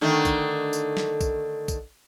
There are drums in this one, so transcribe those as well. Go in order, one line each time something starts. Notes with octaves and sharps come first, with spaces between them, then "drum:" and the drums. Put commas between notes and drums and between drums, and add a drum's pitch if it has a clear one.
D3 D#3 A3
drum: kick, tambourine
drum: tambourine
drum: snare
drum: kick, tambourine
drum: kick, tambourine